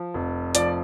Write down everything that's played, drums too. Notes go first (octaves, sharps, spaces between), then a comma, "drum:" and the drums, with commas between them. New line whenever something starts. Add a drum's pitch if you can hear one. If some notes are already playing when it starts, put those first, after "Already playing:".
Already playing: F3
F1
F3 D5, drum: hi-hat